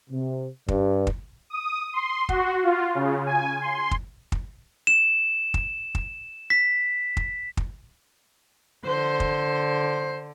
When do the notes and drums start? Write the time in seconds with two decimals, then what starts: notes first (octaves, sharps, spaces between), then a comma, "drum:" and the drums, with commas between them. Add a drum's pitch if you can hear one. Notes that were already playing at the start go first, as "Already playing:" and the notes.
0.10 C3
0.68 G2, drum: kick
1.07 drum: kick
1.50 D#6
1.93 C6
2.29 F#4, drum: kick
2.63 F4
2.95 C#3
3.26 G#5
3.61 C6
3.91 drum: kick
4.32 drum: kick
4.87 E7
5.54 drum: kick
5.95 drum: kick
6.50 B6
7.17 drum: kick
7.57 drum: kick
8.85 D3 C5
9.20 drum: kick